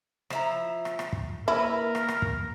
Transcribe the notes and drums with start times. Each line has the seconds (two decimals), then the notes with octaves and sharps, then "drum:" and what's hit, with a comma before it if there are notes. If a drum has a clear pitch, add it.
0.30 F3 E4 A#5, drum: rim click
0.85 drum: rim click
0.99 drum: rim click
1.13 drum: kick
1.48 A#3 E4 A#4 B4
1.95 drum: rim click
2.08 drum: rim click
2.22 drum: kick